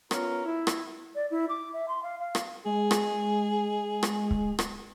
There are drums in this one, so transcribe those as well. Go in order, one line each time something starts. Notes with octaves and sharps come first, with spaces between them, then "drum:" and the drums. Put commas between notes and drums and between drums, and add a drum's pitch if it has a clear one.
B3 C#4 F4 A#4, drum: rim click
E4
drum: rim click
D5
E4
D6
E5
C6
F5
F5
drum: rim click
G#3 G#4
drum: rim click
drum: rim click
drum: kick C#1
drum: rim click